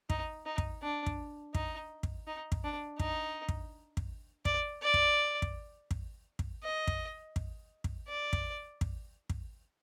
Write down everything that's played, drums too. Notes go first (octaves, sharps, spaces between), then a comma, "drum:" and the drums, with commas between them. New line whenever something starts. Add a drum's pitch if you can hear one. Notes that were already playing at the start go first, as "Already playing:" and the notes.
D#4, drum: kick
D#4
drum: kick
D4
drum: kick
D#4, drum: kick
drum: kick
D#4
drum: kick
D4
D#4, drum: kick
drum: kick
drum: kick
D5, drum: kick
D5
drum: kick
drum: kick
drum: kick
drum: kick
D#5
drum: kick
drum: kick
drum: kick
D5
drum: kick
drum: kick
drum: kick